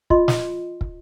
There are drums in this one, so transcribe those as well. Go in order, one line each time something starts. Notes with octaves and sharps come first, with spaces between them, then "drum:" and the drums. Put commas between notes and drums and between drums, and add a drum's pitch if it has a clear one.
F4 D#5 C6, drum: kick
drum: snare
drum: kick